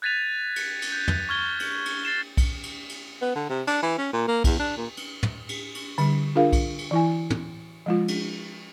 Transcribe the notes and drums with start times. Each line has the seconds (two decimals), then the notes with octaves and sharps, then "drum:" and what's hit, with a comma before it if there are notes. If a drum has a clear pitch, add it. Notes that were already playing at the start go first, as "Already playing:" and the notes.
0.02 F#6 G#6 A6 B6 D#7 F7
0.56 drum: cymbal
0.82 drum: cymbal
0.92 G6
1.08 drum: tom
1.29 C#6 F6 G#6 G7
1.60 drum: cymbal
1.85 drum: cymbal
2.03 A6 C7 E7 G7
2.37 drum: kick B1, cymbal
2.63 drum: cymbal
2.89 drum: cymbal
3.22 B3
3.35 D3
3.49 C3
3.67 D4, drum: cymbal
3.83 E3
3.98 C#4
4.13 A#2
4.28 A#3
4.44 E2, drum: kick B1, cymbal
4.60 D4
4.77 A#2
4.97 drum: cymbal
5.23 drum: tom
5.49 drum: cymbal
5.75 drum: cymbal
5.98 D3 G3, drum: cymbal
6.36 D4 F4 G#4 A#4 F5
6.52 drum: kick B1, cymbal
6.78 drum: cymbal
6.91 E3 E4 G#5
7.30 drum: tom
7.86 F3 G#3 F4
8.08 drum: cymbal